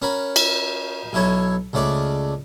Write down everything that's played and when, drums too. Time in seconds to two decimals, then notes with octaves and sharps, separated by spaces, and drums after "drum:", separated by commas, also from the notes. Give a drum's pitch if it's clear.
0.02 C#4 F#4 A#4 B5
0.36 drum: cymbal
1.13 B1 E4 A4 C#5 G#5
1.73 C#2 C#3 A3 D5